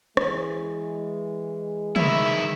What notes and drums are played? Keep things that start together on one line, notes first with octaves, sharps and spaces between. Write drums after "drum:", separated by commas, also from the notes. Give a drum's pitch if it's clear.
E3 G#3, drum: rim click
D#3 E4 E5, drum: tom